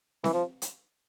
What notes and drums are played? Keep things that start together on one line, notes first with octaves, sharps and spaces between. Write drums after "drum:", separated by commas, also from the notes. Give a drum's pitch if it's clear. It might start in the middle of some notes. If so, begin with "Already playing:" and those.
E3, drum: snare C4
F3
drum: hi-hat